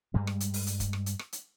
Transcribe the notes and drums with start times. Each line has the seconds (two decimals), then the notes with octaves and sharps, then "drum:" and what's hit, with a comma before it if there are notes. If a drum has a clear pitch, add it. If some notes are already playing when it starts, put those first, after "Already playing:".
0.14 G2 G3 G#3
0.27 drum: rim click
0.40 drum: hi-hat
0.54 drum: open hi-hat
0.67 drum: hi-hat
0.80 drum: kick, hi-hat
0.93 drum: rim click
1.06 drum: hi-hat
1.19 drum: rim click
1.33 drum: hi-hat